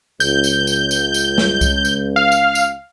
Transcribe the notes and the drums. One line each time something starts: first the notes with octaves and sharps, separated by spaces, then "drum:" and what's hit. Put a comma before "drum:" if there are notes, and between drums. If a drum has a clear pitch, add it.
C#2 G6, drum: tambourine
drum: tambourine
drum: tambourine
drum: tambourine
drum: tambourine
drum: snare
drum: kick C2, tambourine
drum: tambourine
F5
drum: tambourine
drum: tambourine